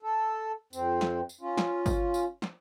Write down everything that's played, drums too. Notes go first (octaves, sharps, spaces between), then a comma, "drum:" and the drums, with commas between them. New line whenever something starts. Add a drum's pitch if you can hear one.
A4
F2 C4, drum: tambourine
drum: snare
drum: tambourine
C#4 F4
drum: snare
drum: kick, tambourine
drum: tambourine
drum: snare